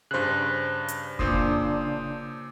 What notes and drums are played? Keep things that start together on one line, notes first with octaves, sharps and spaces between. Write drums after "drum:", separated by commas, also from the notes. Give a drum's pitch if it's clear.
G2 C#3 C5 F#6
drum: hi-hat
A#2 C#3 D4 C5 C6 D#6, drum: kick F1